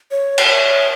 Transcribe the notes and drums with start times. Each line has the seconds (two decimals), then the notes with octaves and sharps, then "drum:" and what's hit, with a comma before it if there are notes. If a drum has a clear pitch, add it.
0.11 C#5
0.38 drum: cymbal
0.47 C#5